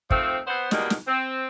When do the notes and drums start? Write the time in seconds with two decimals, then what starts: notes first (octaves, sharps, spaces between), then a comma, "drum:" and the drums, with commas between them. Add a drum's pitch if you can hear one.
0.11 D#3 F3 A3 C4, drum: kick
0.47 B3 C5
0.71 E2 B2 G3 G#3 A#3, drum: snare
0.90 drum: snare
1.08 C4